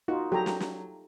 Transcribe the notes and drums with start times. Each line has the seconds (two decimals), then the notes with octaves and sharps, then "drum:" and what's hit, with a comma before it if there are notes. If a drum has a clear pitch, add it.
0.08 D#4 F4 F#4
0.32 F#3 G4 A4 A#5
0.46 drum: snare
0.60 drum: snare